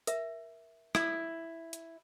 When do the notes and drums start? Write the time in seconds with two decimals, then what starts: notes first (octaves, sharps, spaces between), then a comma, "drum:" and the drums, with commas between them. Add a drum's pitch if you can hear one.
0.07 A#4 E5, drum: hi-hat
0.95 E4, drum: rim click
1.73 drum: hi-hat